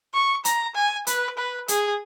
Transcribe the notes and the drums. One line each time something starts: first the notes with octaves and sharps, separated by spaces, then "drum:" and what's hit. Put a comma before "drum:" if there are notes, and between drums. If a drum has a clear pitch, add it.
C#6
A#5, drum: hi-hat
G#5
B4, drum: hi-hat
B4
G#4, drum: hi-hat